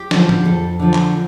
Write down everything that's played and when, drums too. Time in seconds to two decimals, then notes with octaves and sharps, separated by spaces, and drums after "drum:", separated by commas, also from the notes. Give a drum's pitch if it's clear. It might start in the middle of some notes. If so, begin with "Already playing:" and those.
Already playing: G4
0.11 D3 F3, drum: snare
0.29 drum: tom
0.45 F2 A4
0.79 D3 F3
0.94 drum: clap